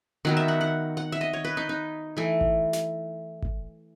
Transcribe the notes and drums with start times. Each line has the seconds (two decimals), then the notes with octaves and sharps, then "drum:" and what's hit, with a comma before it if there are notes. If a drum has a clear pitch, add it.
0.25 D#3 F#3 B3 F#5
0.37 E5
0.48 F#5
0.61 F#5
0.97 F#5
1.12 E5
1.21 D#5
1.33 C#5
1.44 B4
1.57 D#4
1.69 D#4
2.17 E3 A3
2.41 drum: kick G#1
2.73 drum: snare
3.42 drum: kick G#1